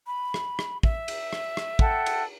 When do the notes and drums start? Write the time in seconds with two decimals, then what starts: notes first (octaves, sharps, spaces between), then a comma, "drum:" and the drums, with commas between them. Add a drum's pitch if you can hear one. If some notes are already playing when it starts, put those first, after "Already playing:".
0.07 B5
0.34 drum: rim click
0.59 drum: rim click
0.83 E5, drum: kick
1.08 drum: cymbal
1.33 drum: rim click
1.57 drum: rim click
1.79 A4 F#5 G5, drum: kick
2.06 drum: cymbal